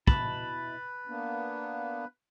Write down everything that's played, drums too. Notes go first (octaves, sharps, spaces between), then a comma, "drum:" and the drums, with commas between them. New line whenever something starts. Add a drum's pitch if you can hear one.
B2 E4 B4 A5 B5, drum: kick
A#3 B3 D4